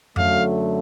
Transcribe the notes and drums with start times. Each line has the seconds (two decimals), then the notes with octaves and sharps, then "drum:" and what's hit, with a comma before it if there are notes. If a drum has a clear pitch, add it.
0.16 F#2 D3 F#3 A3 F5, drum: tom F2